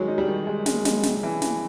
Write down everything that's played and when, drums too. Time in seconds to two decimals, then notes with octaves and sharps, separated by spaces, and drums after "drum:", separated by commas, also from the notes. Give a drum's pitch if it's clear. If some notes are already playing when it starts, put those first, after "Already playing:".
Already playing: D#3 F#3 G#3
0.08 D#4
0.18 G3
0.28 D#3
0.47 G#3
0.66 G#3, drum: snare
0.85 G#3, drum: snare
1.03 C3, drum: snare
1.23 E3
1.42 E3, drum: snare